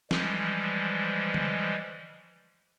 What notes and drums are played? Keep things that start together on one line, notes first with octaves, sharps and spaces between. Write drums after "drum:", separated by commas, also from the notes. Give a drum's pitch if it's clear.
E3 F3 G3 G#3, drum: snare
drum: tom D3